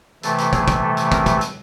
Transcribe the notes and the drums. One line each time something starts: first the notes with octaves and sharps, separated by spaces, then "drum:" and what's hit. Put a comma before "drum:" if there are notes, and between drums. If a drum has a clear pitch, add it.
C3 E3 A3 A4, drum: hi-hat
drum: hi-hat
G#4, drum: kick, hi-hat
drum: kick, hi-hat
A4
drum: hi-hat
A#4, drum: kick, hi-hat
drum: kick, hi-hat
drum: hi-hat